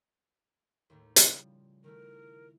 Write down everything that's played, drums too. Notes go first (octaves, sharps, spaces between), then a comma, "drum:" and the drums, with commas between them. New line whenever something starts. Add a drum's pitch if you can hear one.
D#2 A2 D#3
C#3 F3 G3, drum: hi-hat
D#3 A3 E4 A#4